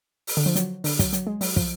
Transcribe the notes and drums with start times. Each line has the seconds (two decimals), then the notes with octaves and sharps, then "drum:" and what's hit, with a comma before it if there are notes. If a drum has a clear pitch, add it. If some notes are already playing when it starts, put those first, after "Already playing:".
0.27 drum: open hi-hat
0.37 D3
0.46 F3
0.56 F#3, drum: hi-hat
0.84 D3, drum: open hi-hat
0.99 F#3, drum: kick, hi-hat
1.13 F#3, drum: hi-hat
1.27 G#3
1.41 F#3, drum: open hi-hat
1.56 F3, drum: kick